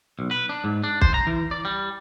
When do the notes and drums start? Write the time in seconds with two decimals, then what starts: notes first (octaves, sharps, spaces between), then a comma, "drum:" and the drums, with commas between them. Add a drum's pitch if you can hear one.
0.19 B1
0.31 B4
0.49 D4
0.64 G#2
0.84 D4
1.02 C5, drum: kick B1
1.14 A#5
1.27 E3
1.51 D5
1.65 G3